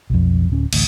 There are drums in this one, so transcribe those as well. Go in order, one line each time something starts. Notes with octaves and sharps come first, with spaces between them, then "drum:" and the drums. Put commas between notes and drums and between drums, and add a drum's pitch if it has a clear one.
B1 F2
D1 C#4
A1 D2, drum: cymbal